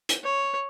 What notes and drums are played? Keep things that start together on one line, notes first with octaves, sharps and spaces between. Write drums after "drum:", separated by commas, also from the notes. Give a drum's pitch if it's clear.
drum: hi-hat
C#5